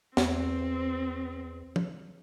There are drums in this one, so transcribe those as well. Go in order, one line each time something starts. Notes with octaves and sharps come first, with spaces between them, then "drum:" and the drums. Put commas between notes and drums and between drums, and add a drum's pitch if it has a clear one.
E2 C4, drum: snare
drum: tom